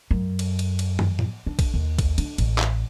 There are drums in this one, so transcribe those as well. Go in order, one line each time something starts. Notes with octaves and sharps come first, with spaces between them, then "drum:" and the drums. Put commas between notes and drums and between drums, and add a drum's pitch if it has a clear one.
F#2
drum: cymbal
drum: cymbal
drum: cymbal
drum: tom
drum: tom A2
D4
drum: kick, cymbal
D#2
drum: kick, cymbal
D4, drum: cymbal
A1, drum: cymbal
drum: clap